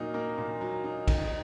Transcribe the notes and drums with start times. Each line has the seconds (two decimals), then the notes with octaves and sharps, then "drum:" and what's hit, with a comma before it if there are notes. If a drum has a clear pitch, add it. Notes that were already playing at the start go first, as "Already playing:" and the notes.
Already playing: A#2 F#3 A#3 D#4
0.14 A#3
0.38 A#2
0.61 F#3
0.84 D#4
1.08 D#4, drum: kick A#1, cymbal